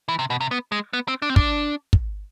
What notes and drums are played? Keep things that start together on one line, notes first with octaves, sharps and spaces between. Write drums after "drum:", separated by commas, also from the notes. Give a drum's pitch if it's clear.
E3
C3
B2
C3
B3
G#3
B3
C4
D4
C4
D4, drum: kick
drum: kick